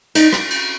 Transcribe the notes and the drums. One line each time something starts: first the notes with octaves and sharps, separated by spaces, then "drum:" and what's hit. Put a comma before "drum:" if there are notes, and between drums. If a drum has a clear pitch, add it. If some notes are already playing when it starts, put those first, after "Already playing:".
D#4, drum: cymbal
drum: rim click
drum: cymbal